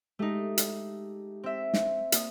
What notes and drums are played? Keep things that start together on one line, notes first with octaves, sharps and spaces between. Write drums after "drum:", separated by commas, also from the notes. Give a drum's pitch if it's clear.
G#3 A3 D#4 G4
drum: hi-hat
C4 E5
drum: snare
A#3 D#6, drum: hi-hat